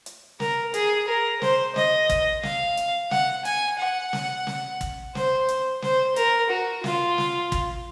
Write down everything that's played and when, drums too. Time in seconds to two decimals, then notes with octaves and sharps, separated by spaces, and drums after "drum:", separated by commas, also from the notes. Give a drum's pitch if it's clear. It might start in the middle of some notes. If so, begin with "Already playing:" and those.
0.06 drum: hi-hat
0.40 A#4, drum: snare
0.74 G#4, drum: hi-hat
1.08 A#4
1.42 C5, drum: snare
1.76 D#5, drum: snare
2.09 drum: kick, hi-hat
2.43 F5, drum: snare
2.77 drum: hi-hat
3.11 F#5, drum: snare
3.45 G#5, drum: hi-hat
3.79 F#5
4.13 drum: snare
4.47 drum: snare
4.81 drum: kick, hi-hat
5.15 C5, drum: snare
5.48 drum: hi-hat
5.82 C5, drum: snare
6.16 A#4, drum: hi-hat
6.50 F#4
6.84 F4, drum: snare
7.18 drum: snare
7.52 drum: kick, hi-hat